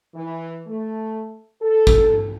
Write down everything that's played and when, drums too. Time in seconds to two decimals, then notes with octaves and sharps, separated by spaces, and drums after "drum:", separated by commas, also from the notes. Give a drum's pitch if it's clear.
0.14 E3
0.66 A3
1.61 A4
1.87 drum: kick G#1